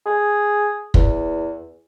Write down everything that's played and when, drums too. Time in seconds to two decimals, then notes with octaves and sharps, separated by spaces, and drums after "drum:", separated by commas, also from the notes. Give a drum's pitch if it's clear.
0.06 G#4
0.94 E2, drum: kick